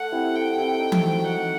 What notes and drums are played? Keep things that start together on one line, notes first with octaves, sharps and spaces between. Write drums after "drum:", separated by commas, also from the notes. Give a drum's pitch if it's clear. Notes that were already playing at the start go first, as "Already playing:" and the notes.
Already playing: A3 F#5
C4 E4 G4
A3 G5
C4 E4 G4
D#4
drum: tom E3
F#4 C5
D#4 F#5